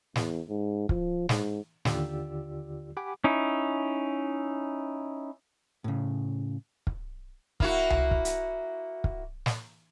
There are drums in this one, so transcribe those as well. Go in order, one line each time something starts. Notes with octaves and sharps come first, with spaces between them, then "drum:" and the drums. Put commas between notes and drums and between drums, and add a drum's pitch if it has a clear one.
E2, drum: snare
G#2
F3, drum: kick
G#2, drum: snare
D#2 D3 F4 G4 D5 E6, drum: snare
G4 F#5 G#5 B5 D6
C#4 D#4 E4
A2 C#3
drum: kick
A#3 E4 F#4, drum: kick
drum: tom C2
drum: kick
drum: hi-hat
drum: kick
drum: snare